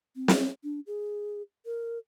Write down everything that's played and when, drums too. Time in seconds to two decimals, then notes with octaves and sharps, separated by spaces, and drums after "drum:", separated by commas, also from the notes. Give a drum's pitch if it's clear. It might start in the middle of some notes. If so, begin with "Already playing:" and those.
0.16 C4
0.28 drum: snare
0.64 D4
0.87 G#4
1.66 A#4